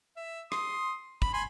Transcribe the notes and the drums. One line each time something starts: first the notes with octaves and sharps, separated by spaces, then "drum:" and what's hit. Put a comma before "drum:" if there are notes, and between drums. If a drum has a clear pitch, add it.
E5
C6 D#6, drum: rim click
B5, drum: kick
G#5 B5 C6